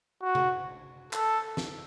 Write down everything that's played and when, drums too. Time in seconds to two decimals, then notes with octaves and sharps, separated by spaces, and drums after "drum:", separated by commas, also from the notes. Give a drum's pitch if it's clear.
0.22 F#4
0.35 drum: tom C3
1.13 A4, drum: clap
1.57 drum: snare